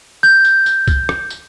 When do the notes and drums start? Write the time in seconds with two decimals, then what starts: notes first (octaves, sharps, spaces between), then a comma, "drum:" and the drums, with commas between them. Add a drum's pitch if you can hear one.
0.23 G6
0.45 drum: tambourine
0.66 drum: tambourine
0.88 drum: kick C2, tambourine
1.09 drum: rim click
1.30 drum: tambourine